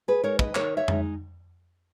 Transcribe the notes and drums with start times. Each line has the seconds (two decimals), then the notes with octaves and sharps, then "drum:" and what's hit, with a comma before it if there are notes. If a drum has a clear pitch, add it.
0.08 G#4 B4
0.23 G#3 D#4 A#4 C#5
0.39 B4 D#5, drum: kick
0.55 D#3 A#4 C#5, drum: clap
0.77 C#5 E5
0.88 G#3 D#4, drum: tom F2